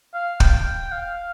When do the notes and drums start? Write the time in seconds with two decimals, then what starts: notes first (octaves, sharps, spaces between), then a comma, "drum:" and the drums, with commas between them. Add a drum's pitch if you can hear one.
0.14 F5
0.40 G5, drum: kick
0.92 F5